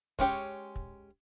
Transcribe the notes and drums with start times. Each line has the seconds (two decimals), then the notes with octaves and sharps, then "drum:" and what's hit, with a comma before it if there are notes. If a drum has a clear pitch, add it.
0.19 G#3 C#4 G4 C#5, drum: kick
0.76 drum: kick